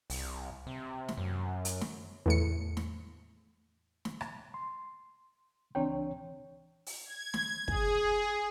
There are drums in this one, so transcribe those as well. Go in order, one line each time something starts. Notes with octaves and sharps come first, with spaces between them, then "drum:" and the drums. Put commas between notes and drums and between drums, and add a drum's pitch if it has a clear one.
C2, drum: open hi-hat
C3
drum: snare
F#2
drum: hi-hat
drum: snare
E2 A2 C#7
drum: snare
drum: snare
drum: rim click
C6
C#2 E3 C4 D4 C#5 G5
drum: open hi-hat
G#6
drum: snare
G#4, drum: kick